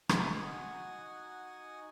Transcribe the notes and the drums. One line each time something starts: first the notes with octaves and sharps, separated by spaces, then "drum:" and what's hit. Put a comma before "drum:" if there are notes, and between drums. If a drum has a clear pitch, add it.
D#4 F#4 F#5 G#5, drum: rim click